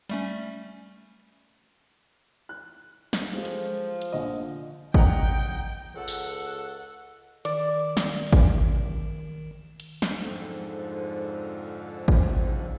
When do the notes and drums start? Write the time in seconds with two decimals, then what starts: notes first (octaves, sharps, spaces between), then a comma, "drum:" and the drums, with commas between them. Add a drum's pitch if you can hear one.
0.09 G3 A3 C#4, drum: hi-hat
2.49 F#6
3.13 drum: snare
3.34 F3 G#3 G4 A4
3.45 drum: hi-hat
4.02 drum: hi-hat
4.12 A#1 D3 D#5
4.94 D#5 F#5 G5 A#5, drum: kick G#1
5.95 C#2 A4 F#5
6.08 drum: tambourine
7.45 D#3 D5, drum: hi-hat
7.97 drum: snare
8.33 drum: kick G#1
9.80 drum: hi-hat
10.02 drum: snare
10.19 F2 G#2 D3 F3
12.08 drum: kick G#1